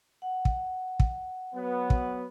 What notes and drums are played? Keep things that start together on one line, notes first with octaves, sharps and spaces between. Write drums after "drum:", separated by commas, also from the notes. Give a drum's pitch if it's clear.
F#5
drum: kick
drum: kick
F#3 B3
drum: kick